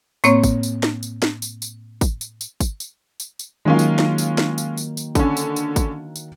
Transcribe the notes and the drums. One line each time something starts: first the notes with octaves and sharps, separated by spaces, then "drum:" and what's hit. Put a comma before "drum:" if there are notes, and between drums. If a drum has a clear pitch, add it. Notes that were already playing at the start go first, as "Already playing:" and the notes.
A2 A#3 C4 C#5, drum: tambourine
drum: kick, tambourine
drum: tambourine
drum: snare
drum: tambourine
drum: snare
drum: tambourine
drum: tambourine
drum: kick, tambourine
drum: tambourine
drum: tambourine
drum: kick, tambourine
drum: tambourine
drum: tambourine
drum: tambourine
D#3 F#3 G#3 A#3 C#4 F4
drum: tambourine
drum: snare
drum: tambourine
drum: snare
drum: tambourine
drum: tambourine
drum: tambourine
D3 C#4, drum: kick, tambourine
drum: tambourine
drum: tambourine
drum: kick, tambourine
drum: tambourine